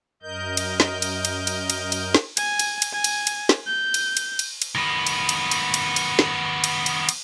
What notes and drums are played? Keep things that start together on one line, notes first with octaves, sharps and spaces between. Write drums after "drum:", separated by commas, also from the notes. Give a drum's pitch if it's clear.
F#2 A#4 D#5 G6
drum: cymbal
drum: snare
drum: cymbal
drum: cymbal
drum: cymbal
drum: cymbal
drum: cymbal
drum: snare
G#5, drum: cymbal
drum: cymbal
drum: cymbal
G#5
drum: cymbal
drum: cymbal
drum: snare
G6
drum: cymbal
drum: cymbal
drum: cymbal
drum: cymbal
D#3 B3
drum: cymbal
drum: cymbal
drum: cymbal
drum: cymbal
drum: cymbal
drum: snare
drum: cymbal
drum: cymbal
drum: cymbal